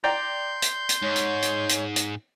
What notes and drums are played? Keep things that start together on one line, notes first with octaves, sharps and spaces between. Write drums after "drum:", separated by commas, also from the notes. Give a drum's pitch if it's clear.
D5 G5 A#5 C6 G6
drum: hi-hat
drum: hi-hat
G#2 C#5
drum: hi-hat
drum: hi-hat
drum: hi-hat
drum: hi-hat